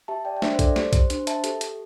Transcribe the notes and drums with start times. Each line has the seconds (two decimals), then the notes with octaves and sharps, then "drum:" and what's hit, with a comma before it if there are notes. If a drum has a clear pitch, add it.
0.08 G4 E5 A5
0.25 D5 G5
0.37 G5
0.42 D4 C5 E5, drum: snare
0.55 C5
0.59 A4 D5, drum: kick B1, hi-hat
0.76 G4 C5, drum: snare
0.93 C5, drum: kick B1, hi-hat
1.10 D4 C5, drum: hi-hat
1.27 E5 A5, drum: hi-hat
1.44 G4 A4, drum: hi-hat
1.61 drum: hi-hat